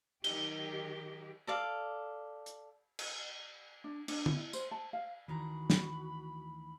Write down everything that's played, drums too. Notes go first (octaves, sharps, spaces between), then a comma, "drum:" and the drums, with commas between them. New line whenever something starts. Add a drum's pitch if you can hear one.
D#3 F#3 G4 G7, drum: cymbal
A4 D5 F5
drum: hi-hat
drum: cymbal
D4
D4, drum: cymbal
drum: tom
E4
C5, drum: tambourine
A5
F5
D2 D#3 E3 F#4 A#5 B5
drum: snare